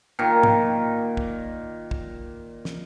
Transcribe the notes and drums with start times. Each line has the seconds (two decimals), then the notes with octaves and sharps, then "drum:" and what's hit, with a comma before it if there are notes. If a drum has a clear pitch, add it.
0.19 A#2 D#3
0.43 drum: tom G#2
1.17 drum: kick
1.91 drum: kick
2.65 drum: snare